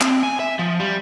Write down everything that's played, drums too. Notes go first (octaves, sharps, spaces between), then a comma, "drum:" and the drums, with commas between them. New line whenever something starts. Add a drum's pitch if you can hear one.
C4, drum: clap
G#5
E5
F3
G3